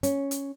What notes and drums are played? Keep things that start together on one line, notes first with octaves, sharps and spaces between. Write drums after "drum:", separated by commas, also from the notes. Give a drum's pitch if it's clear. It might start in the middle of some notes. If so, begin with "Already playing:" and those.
C#4, drum: hi-hat
drum: hi-hat